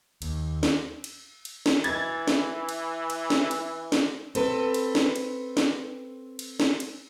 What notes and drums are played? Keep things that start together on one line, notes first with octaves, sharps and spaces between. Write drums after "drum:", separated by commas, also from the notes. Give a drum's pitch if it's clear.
D#2, drum: cymbal
drum: snare
drum: cymbal
drum: cymbal
drum: snare
E3 G#6 A6, drum: cymbal
drum: snare
drum: cymbal
drum: cymbal
drum: snare
drum: cymbal
drum: snare
C4 A4 B4, drum: cymbal
drum: cymbal
drum: snare
drum: cymbal
drum: snare
drum: cymbal
drum: snare
drum: cymbal